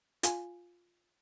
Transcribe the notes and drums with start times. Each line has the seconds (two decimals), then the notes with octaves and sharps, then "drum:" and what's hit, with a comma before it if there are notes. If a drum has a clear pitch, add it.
0.23 F4 F5 G#5, drum: hi-hat